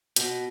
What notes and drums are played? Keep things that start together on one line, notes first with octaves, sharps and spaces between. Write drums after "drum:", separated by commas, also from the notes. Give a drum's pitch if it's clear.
B2, drum: hi-hat